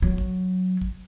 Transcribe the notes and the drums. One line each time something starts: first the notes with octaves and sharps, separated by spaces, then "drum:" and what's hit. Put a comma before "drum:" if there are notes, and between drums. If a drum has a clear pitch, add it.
F#3
drum: kick
drum: kick